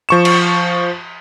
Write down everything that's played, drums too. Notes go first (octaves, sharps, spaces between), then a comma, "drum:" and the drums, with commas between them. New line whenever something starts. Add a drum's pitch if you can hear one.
F3 C#6 E7
drum: cymbal